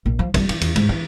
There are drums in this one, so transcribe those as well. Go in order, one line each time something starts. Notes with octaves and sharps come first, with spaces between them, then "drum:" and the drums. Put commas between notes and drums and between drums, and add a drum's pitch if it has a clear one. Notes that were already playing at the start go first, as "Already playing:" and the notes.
A#1
F3
G3, drum: kick, cymbal
E3, drum: cymbal
E2, drum: cymbal
G#2, drum: cymbal
E3